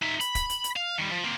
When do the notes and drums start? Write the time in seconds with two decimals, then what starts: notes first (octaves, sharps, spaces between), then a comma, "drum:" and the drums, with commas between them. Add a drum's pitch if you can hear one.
0.02 D#4 E5
0.21 B5, drum: hi-hat
0.35 drum: kick, hi-hat
0.49 drum: hi-hat
0.64 drum: hi-hat
0.76 F5
0.98 D#3 G3
1.11 F3
1.24 A#3 C4